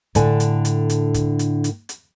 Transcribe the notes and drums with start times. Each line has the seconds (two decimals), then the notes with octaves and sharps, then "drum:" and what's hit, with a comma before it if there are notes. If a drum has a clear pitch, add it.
0.15 A2 D3 D4 A4 G#5, drum: kick, hi-hat
0.40 drum: hi-hat
0.65 drum: hi-hat
0.90 drum: hi-hat
1.14 drum: kick, hi-hat
1.39 drum: hi-hat
1.64 drum: hi-hat
1.89 drum: hi-hat